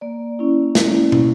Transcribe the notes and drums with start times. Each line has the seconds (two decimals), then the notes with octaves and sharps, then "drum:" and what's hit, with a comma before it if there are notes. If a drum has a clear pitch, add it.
0.01 A#3 D5
0.39 C#4 E4
0.75 A#3, drum: snare
1.12 C#4 E4, drum: tom